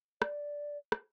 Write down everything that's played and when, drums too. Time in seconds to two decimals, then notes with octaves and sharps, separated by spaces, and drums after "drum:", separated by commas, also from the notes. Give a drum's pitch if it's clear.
0.22 D5, drum: rim click
0.92 drum: rim click